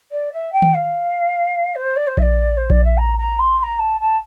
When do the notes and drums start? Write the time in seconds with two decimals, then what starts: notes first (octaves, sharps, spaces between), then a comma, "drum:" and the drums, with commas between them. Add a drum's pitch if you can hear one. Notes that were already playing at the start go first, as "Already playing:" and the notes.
0.11 D5
0.32 E5
0.52 G5
0.62 drum: tom D#3
0.74 F5
1.75 C5
1.96 D5
2.07 C5
2.17 E5, drum: kick A#1
2.21 D5
2.56 C5
2.70 D5, drum: kick A#1
2.84 E5
2.97 A#5
3.17 A#5
3.39 C6
3.58 C6
3.63 A#5
3.78 A5
4.00 A5